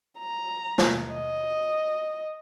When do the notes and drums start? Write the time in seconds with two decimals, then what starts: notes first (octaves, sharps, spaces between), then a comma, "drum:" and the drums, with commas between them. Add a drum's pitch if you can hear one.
0.18 A#5
0.78 drum: snare
1.14 D#5